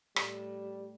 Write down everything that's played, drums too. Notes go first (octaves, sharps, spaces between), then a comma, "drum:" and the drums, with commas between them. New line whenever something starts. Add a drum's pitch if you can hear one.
A2 G3 A3, drum: rim click